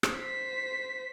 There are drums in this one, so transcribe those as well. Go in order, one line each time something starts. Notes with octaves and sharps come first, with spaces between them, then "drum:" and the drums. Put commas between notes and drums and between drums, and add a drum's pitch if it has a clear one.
drum: rim click
C5 B6